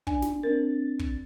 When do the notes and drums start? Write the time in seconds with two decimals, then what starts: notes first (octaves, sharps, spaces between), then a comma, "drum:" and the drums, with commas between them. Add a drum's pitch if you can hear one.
0.07 D4 G#5, drum: kick
0.22 drum: snare
0.43 C4 D4 A#4 A6
0.99 drum: kick